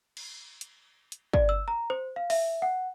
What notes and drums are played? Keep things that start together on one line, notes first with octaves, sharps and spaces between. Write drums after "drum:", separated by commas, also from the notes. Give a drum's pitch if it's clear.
drum: cymbal
drum: hi-hat
drum: hi-hat
D5, drum: kick
E6
A#5
C5
F5
E5, drum: open hi-hat
F#5